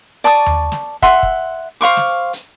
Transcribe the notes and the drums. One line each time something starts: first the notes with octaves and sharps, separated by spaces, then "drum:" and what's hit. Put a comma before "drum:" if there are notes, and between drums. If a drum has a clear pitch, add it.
D5 A5 C#6 D#6
drum: tom D#2
drum: snare
E5 F#5 C6, drum: kick
drum: kick
C5 F5 C#6 D6
drum: snare
drum: hi-hat